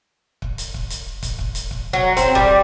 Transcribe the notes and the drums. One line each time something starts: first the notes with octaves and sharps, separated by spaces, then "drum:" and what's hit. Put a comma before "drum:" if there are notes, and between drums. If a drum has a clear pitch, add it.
drum: kick
drum: hi-hat
drum: kick
drum: hi-hat
drum: kick, hi-hat
drum: kick
drum: hi-hat
drum: kick
F#3
C4, drum: kick, hi-hat
G3, drum: kick